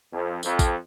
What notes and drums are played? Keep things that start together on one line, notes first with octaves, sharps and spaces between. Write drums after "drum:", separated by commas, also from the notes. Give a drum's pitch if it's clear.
F2
F2, drum: tambourine
drum: kick, tambourine